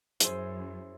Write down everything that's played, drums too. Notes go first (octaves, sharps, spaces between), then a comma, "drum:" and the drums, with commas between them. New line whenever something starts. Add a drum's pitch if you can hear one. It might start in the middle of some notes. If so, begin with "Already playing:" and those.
F#2 E4 G#4 C5, drum: hi-hat